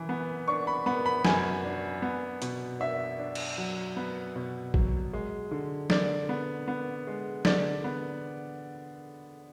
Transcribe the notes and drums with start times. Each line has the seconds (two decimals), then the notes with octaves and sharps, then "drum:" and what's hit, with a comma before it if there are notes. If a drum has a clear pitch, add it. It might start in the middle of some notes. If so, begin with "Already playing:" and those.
Already playing: F#2 E3
0.09 B3
0.48 D4 C#6
0.67 B5
0.86 B3 B5
1.06 B5
1.25 F#2 G#5, drum: snare
1.64 D4
2.02 B3
2.42 B2, drum: hi-hat
2.80 D4 E5
3.19 D4
3.35 drum: cymbal
3.58 F#3
3.97 B3
4.36 B2
4.74 F#3, drum: kick
5.13 G#3
5.51 D3
5.90 D3 D5, drum: snare
6.29 B3
6.68 B3
7.07 G#3
7.45 D3 D5, drum: snare
7.84 B3